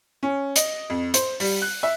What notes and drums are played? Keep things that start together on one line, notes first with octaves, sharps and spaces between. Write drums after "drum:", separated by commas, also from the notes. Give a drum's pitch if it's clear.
C#4
D#5, drum: hi-hat
F2
C5, drum: hi-hat
G3, drum: open hi-hat
F#6
E5